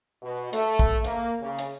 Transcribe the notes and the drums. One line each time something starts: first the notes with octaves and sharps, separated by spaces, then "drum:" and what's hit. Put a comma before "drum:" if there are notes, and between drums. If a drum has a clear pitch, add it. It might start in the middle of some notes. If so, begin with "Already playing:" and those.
B2
A3, drum: hi-hat
drum: kick
A#3, drum: hi-hat
C#3
drum: hi-hat